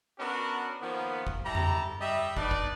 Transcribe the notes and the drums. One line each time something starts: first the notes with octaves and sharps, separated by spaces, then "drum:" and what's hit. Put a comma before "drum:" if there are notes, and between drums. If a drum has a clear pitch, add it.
B3 C#4 D4 F#4 A#4
D#3 F3 A#3 B3
drum: kick
G3 E4 A5 A#5
drum: tom E2
G3 D#5 E5
D4 D#4 B4 D5, drum: kick
drum: kick